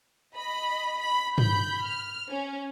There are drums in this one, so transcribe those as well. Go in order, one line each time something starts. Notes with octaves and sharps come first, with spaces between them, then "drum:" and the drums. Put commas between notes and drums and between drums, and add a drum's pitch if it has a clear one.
D#5 B5
B5
B5 G6, drum: tom
F6
C#4